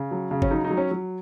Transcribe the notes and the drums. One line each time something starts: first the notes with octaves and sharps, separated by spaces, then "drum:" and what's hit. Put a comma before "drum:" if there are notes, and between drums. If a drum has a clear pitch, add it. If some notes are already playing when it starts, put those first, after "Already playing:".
Already playing: C#3
F#3
C#3
C#4, drum: kick G#1
F#3 D#4
D#4
F#3
C#4
F#3